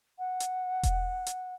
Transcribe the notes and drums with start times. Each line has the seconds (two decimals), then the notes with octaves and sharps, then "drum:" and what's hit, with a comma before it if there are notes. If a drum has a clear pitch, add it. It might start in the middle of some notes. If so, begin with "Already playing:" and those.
0.19 F#5
0.40 drum: hi-hat
0.83 drum: kick E1, hi-hat
1.26 drum: hi-hat